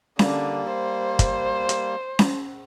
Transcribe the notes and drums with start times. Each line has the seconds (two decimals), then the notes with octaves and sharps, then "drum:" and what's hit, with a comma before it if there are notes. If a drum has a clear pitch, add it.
0.19 D3 G3 A#3, drum: snare C#4
0.73 C5
1.19 drum: kick, hi-hat
1.69 drum: hi-hat
2.19 drum: snare C#4